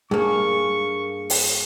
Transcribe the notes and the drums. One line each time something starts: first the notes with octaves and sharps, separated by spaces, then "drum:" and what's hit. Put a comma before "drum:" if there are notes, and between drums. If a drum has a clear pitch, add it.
G2 A#3 G#4 C#6
drum: open hi-hat